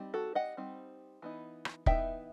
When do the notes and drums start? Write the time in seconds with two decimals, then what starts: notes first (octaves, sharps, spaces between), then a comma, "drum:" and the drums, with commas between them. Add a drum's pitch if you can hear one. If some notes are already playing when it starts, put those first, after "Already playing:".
Already playing: G3 C4 D#4
0.14 F#4 A4
0.35 D#5 F#5
0.57 G3 C4 D#4
1.22 E3 B3 D#4
1.65 drum: rim click
1.86 E3 B3 D#4 E5 G5, drum: kick